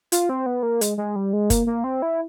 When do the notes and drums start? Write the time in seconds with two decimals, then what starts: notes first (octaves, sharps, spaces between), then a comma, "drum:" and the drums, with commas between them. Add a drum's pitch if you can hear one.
0.12 F4, drum: hi-hat
0.29 C4
0.46 B3
0.63 A#3
0.81 G#3, drum: hi-hat
0.98 G#3
1.16 G3
1.33 G#3
1.50 A#3, drum: kick F#1, hi-hat
1.67 A#3
1.84 C4
2.02 E4